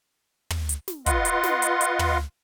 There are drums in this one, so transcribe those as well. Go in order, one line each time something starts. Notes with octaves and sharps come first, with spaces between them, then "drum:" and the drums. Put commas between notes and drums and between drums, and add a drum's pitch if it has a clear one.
drum: tom
drum: hi-hat
drum: snare
F4 B4 D#5 F5 F#5 C6, drum: kick, hi-hat
drum: hi-hat
drum: snare
drum: hi-hat
drum: hi-hat
drum: tom